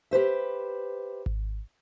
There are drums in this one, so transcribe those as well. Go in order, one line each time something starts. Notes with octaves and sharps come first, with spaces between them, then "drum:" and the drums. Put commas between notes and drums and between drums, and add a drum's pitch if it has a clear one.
G4 B4 C5 E5
drum: kick G#1